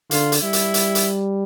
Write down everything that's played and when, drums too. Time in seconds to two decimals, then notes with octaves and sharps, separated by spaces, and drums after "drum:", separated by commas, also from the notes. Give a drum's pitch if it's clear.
0.11 D3 F4, drum: hi-hat
0.32 drum: hi-hat
0.42 G3 E4
0.53 drum: hi-hat
0.74 drum: hi-hat
0.95 drum: hi-hat